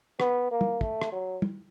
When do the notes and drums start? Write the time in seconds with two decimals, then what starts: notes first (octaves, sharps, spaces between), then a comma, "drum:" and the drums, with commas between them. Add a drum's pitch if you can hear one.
0.20 B3, drum: rim click
0.51 A#3
0.61 drum: tom
0.81 A3, drum: kick
1.02 drum: rim click
1.12 F#3
1.42 drum: tom